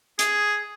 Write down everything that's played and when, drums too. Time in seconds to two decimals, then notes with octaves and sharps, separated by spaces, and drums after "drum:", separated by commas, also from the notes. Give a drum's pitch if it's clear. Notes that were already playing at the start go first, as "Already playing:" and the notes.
0.19 G#4, drum: hi-hat